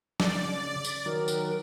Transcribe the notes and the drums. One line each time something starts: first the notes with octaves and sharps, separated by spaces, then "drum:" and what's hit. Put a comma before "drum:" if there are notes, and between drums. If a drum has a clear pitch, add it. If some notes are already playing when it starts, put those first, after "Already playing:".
C#3 D5, drum: snare
drum: tambourine
D#3 F#3 A#4
drum: tambourine